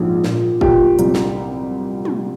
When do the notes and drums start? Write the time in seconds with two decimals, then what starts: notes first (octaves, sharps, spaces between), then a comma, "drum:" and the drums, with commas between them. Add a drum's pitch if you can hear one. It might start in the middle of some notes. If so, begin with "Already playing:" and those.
Already playing: A#1 G#2 F3
0.24 A#2, drum: snare
0.61 A#2 G4, drum: kick
0.99 C2, drum: hi-hat
1.15 drum: snare
2.05 drum: tom